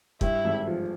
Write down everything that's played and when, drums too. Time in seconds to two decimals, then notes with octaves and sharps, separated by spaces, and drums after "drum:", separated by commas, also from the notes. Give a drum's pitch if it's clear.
0.21 G2 E4, drum: kick
0.44 G#1
0.67 F3